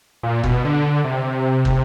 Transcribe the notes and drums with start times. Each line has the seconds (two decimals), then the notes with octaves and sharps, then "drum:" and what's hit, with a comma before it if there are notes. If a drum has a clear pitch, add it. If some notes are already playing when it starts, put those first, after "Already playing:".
0.23 A#2
0.44 B2, drum: kick
0.65 D3
1.04 C3
1.65 drum: kick